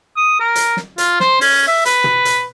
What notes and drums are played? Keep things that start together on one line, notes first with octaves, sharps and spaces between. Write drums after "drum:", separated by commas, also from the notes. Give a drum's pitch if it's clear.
D#6
A#4
drum: hi-hat
drum: snare
F4, drum: hi-hat
C5, drum: snare
C#4, drum: open hi-hat
E5
B4, drum: hi-hat
drum: tom
drum: hi-hat